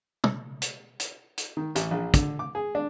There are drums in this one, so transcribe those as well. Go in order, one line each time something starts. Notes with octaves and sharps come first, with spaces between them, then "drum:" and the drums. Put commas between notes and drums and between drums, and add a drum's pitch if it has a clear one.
drum: tom
drum: hi-hat
drum: hi-hat
drum: hi-hat
D#3
A1, drum: hi-hat
A#1
D3, drum: kick, hi-hat
D6
G#4
D4